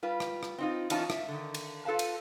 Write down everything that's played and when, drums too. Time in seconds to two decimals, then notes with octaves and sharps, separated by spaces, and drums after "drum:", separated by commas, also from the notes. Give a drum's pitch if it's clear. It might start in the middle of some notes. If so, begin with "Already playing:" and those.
0.03 G3 F4 B4
0.20 drum: rim click
0.43 drum: rim click
0.58 C4 D#4 F4
0.90 E3 B3 C#4 D#4 F4 A5, drum: cymbal
1.10 E5, drum: rim click
1.28 D3 D#3
1.54 drum: cymbal
1.85 F4 A4 B4 F5 A5
1.99 drum: cymbal